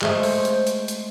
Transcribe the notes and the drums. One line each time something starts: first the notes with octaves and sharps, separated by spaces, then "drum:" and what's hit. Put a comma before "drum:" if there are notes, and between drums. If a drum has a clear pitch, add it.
G#3 A3 C5, drum: clap
drum: open hi-hat
drum: hi-hat
drum: hi-hat
drum: hi-hat